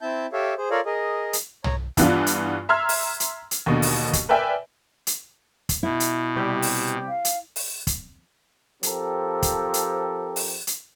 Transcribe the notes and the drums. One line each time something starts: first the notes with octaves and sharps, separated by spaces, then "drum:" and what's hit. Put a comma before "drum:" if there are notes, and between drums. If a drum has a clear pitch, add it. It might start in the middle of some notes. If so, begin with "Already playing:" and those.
C4 E4 E5 A5 G6
G4 A4 C#5 E5 F5
G#4 C5
F4 A4 A#4 C#5 D5 F5
G#4 A#4 D#5
drum: hi-hat
C#5 A#5, drum: tom
G2 E3 B3 D4 F4, drum: kick, hi-hat
drum: hi-hat
E5 A#5 C6 E6 F6 G#6
drum: open hi-hat
drum: hi-hat
drum: hi-hat
D#2 B2 D3
drum: open hi-hat
drum: kick, hi-hat
A#4 B4 D5 E5 G5 G#5
drum: hi-hat
drum: kick, hi-hat
B2 E4
drum: hi-hat
C3 G3 G4
drum: open hi-hat
F5
drum: hi-hat
drum: open hi-hat
drum: kick, hi-hat
F3 C4 G4 A4 A#4, drum: hi-hat
drum: kick, hi-hat
drum: hi-hat
drum: open hi-hat
drum: hi-hat